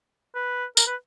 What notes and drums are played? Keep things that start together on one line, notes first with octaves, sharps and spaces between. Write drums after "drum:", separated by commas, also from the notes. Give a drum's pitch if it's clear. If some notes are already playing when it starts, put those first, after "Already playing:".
B4
A#4, drum: tambourine
B4